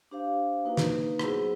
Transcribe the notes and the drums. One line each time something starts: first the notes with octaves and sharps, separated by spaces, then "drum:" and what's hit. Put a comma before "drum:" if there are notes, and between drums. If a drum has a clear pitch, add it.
D4 G4 C5 F5
A#3 D#4 F#4 B4
drum: snare
F#3 B3 E4 G#4 C5, drum: rim click